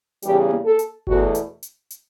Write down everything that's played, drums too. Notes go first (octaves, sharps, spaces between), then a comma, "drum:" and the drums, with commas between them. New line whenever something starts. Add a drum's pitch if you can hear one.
E2 C#3 G3 G4, drum: hi-hat
drum: tom A#3
A4
drum: hi-hat
E2 B2 A3 F#4, drum: kick G1
drum: hi-hat
drum: hi-hat
drum: hi-hat